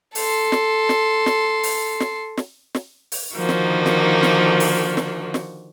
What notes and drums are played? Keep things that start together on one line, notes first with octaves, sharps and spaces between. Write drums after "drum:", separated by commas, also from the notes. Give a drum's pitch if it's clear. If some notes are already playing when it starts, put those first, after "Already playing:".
A4 C6, drum: open hi-hat
drum: snare
drum: snare
drum: snare
drum: open hi-hat
drum: snare
drum: snare
drum: snare
drum: open hi-hat
D3 D#3 F3 A#3 F#4
drum: snare
drum: snare
drum: snare
drum: open hi-hat
drum: snare
drum: snare